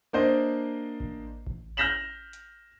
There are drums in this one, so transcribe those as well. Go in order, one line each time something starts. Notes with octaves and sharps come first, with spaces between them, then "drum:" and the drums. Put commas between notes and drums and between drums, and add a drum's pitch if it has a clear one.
A#3 D4 C5 D5 D#5
drum: kick A1
drum: kick A1
F6 G6 A#6 B6 E7 F#7
drum: hi-hat